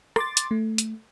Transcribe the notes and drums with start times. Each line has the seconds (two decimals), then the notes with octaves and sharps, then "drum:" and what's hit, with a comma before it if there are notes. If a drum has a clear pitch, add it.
0.16 C6 D6 A6, drum: rim click
0.37 drum: hi-hat
0.51 A3
0.78 drum: hi-hat